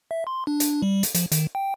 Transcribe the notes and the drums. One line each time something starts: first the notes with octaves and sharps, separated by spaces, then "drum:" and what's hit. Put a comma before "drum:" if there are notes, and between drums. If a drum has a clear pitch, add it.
E5
C6
D4
drum: hi-hat
G3
drum: hi-hat
F3, drum: hi-hat
D#3, drum: hi-hat
G5